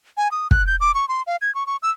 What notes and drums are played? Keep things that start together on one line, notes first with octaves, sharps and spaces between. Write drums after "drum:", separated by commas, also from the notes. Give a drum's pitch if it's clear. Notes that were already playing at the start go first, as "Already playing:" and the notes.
G#5
D#6
F#6, drum: kick
G6
D6
C#6
C6
F5
G#6
C#6
C#6
E6